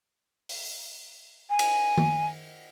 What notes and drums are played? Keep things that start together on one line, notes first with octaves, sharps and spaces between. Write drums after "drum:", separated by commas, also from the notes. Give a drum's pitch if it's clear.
drum: open hi-hat
G#5
drum: cymbal
drum: tom D#3